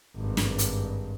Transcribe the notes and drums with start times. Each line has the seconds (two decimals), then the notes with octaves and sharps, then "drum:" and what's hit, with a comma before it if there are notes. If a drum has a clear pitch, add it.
0.16 G#1 G2
0.37 drum: snare
0.58 drum: hi-hat